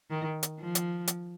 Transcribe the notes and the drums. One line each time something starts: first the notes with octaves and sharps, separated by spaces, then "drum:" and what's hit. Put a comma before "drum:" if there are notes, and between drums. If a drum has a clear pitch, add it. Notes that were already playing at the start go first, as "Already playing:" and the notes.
D#3
drum: hi-hat
F3
drum: hi-hat
drum: hi-hat